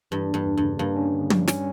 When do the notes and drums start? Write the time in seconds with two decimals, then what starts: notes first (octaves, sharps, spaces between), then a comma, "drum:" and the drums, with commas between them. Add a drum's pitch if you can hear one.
0.11 G2 E3
0.28 A#3
0.34 G2
0.46 E2
0.57 G2
0.63 C#3
0.79 G2 A#3
0.96 C#4
1.14 D3
1.30 G3, drum: tom
1.48 C#4, drum: snare